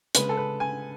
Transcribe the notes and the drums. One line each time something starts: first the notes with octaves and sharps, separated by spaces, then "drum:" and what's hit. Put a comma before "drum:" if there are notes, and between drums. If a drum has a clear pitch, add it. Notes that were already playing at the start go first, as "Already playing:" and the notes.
C#3 G#3 B4, drum: hi-hat
A4
B4
G#5